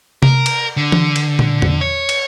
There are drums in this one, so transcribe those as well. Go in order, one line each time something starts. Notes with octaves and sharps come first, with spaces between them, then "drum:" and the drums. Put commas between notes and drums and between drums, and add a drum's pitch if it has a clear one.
A#4, drum: tom C3
drum: cymbal
D3
drum: tom E3
drum: cymbal
drum: tom A#2
drum: tom E2
C#5
drum: cymbal